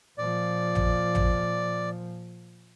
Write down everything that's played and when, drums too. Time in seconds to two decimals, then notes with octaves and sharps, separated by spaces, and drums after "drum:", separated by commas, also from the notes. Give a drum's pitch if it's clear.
0.18 A#2 F3 D5
0.75 drum: tom A1
1.15 drum: tom A1